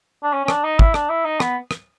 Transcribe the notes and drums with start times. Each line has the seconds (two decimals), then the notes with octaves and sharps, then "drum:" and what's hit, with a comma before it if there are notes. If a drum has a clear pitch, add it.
0.24 D4
0.33 C#4
0.45 C#4
0.48 D4, drum: rim click
0.64 D#4
0.79 E4, drum: kick
0.94 D4, drum: rim click
1.09 E4
1.25 D#4
1.40 B3, drum: rim click
1.71 drum: rim click